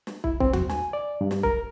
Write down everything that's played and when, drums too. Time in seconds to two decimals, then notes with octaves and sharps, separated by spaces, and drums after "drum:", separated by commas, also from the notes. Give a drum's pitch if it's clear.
0.07 drum: snare
0.24 E4, drum: kick
0.40 C4, drum: kick
0.53 F#4, drum: tom D#2
0.69 G#5, drum: snare
0.93 D5
1.21 G2
1.31 drum: snare
1.43 A#4, drum: kick